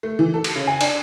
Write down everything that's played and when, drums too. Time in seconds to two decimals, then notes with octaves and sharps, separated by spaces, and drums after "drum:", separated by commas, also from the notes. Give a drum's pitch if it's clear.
0.03 A3
0.19 E3
0.34 A4
0.44 drum: cymbal
0.56 C#3
0.67 G#5
0.81 D4, drum: cymbal